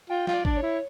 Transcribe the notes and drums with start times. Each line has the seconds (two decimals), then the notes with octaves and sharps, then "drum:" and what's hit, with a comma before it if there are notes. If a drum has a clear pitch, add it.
0.10 F4 G5
0.27 F4, drum: snare
0.34 D5
0.45 D4, drum: kick G#1
0.57 C#5
0.62 E4